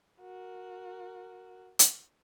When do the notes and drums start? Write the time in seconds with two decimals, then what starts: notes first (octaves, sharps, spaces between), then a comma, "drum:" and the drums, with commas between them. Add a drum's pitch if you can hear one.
0.21 F#4 A#4
1.79 drum: hi-hat